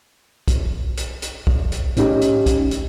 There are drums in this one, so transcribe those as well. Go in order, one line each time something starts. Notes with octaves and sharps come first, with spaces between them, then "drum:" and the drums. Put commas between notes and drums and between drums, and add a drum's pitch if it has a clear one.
drum: kick B1, hi-hat
drum: hi-hat
drum: hi-hat
drum: kick B1
drum: hi-hat
A2 C#4 D#4 G4, drum: hi-hat
drum: hi-hat
drum: kick B1, hi-hat
drum: hi-hat